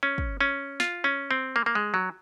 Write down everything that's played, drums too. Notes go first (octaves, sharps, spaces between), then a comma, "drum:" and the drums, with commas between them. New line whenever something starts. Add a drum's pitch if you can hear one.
C#4
drum: kick
C#4
F4, drum: snare
C#4
C4
A#3
A#3
G#3
F#3